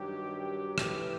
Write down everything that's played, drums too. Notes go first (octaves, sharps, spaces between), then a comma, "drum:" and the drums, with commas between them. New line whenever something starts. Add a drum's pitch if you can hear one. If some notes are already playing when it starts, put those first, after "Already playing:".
Already playing: G2 D#3 F#3 G4
A2 E3, drum: rim click